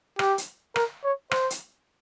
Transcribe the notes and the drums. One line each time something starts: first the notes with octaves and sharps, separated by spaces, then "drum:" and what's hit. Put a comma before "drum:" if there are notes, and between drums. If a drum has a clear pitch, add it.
G4, drum: rim click
drum: hi-hat
A#4, drum: rim click
C#5
C5, drum: rim click
drum: hi-hat